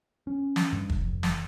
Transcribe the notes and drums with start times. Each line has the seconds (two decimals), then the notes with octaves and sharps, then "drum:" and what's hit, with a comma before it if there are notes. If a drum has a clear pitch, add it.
0.27 C#4
0.56 drum: snare
0.73 G2
0.89 drum: kick
1.00 F1
1.23 drum: snare